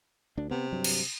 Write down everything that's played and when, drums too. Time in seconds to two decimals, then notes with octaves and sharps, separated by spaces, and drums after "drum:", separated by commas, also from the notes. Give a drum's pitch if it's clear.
0.37 D2 D4
0.51 C3 B3
0.72 G2 F#3
0.84 drum: cymbal